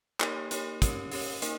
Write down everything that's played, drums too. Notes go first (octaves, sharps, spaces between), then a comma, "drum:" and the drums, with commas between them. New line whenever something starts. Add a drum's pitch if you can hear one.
A#3 D#4 G4 A#4 C#5, drum: clap
A#3 D#4 G4 A#4 C#5, drum: hi-hat
C#4 G4 A#4 C#5, drum: kick, hi-hat
C#4 G4 A#4 C#5, drum: open hi-hat
A#3 D#4 A#4, drum: hi-hat